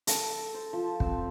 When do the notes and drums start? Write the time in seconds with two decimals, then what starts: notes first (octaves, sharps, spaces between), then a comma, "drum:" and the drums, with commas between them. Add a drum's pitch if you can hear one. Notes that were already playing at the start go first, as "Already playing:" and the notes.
0.07 A4, drum: hi-hat
0.54 C5
0.73 F3
1.00 C4, drum: kick